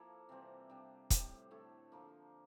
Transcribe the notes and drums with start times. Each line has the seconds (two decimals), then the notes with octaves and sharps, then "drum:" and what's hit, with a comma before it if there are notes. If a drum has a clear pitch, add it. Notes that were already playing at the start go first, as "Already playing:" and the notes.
Already playing: F3 A#3 E4 A4
0.29 C3 E3 G3 C4
0.70 C3 G3 D4
1.10 A2 G3 C4 G4, drum: kick, hi-hat
1.51 D3 A3 E4 A4
1.92 D3 F3 A#3 F4